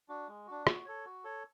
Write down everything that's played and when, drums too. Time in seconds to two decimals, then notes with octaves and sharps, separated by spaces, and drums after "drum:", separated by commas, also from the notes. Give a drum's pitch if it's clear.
0.09 D4 F#4
0.28 G#3
0.47 D4 F#4
0.67 F#4, drum: rim click
0.86 A4 C#5
1.05 F#4
1.24 A4 C#5